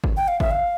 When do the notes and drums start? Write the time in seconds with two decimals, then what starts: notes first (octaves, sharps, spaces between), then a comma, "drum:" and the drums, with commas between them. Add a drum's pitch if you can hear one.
0.04 drum: kick G1
0.17 G5
0.28 F5
0.40 E5, drum: kick G1
0.51 F5